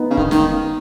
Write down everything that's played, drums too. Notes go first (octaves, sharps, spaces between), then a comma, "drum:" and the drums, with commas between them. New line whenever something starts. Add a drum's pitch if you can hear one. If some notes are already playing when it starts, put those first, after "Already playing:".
Already playing: B3 D#4
C#3
D#3, drum: kick
D#3, drum: snare